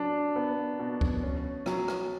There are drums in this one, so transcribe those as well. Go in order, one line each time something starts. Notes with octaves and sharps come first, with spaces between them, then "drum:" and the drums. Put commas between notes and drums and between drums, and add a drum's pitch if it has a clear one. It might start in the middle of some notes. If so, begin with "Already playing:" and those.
Already playing: F#3 D4
B3
B2
drum: kick C#2
C#4
F#3, drum: rim click
drum: rim click